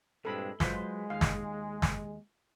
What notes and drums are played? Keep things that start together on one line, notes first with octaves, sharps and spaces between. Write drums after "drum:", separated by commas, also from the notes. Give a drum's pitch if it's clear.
G2 A#2 G#3 C4 D4 A4 B5
F#3 G#3 F4 B4 C5 C6, drum: snare
D#2 F5
drum: snare
drum: snare